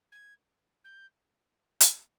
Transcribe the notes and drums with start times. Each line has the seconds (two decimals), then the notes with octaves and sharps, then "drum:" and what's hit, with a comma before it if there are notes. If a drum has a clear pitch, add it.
0.12 G#6
0.84 G6
1.81 drum: hi-hat